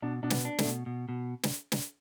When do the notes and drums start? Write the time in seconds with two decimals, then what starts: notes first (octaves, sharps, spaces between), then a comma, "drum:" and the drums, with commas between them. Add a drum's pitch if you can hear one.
0.02 B2 D4
0.23 B2 D4
0.30 B3, drum: snare
0.45 D4
0.59 A3, drum: snare
0.65 B2
0.86 B2
1.09 B2
1.43 drum: snare
1.72 drum: snare